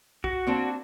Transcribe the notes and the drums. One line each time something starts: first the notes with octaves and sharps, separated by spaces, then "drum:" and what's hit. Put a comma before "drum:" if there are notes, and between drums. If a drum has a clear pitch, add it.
F#4, drum: kick C2
A#3 C4 D4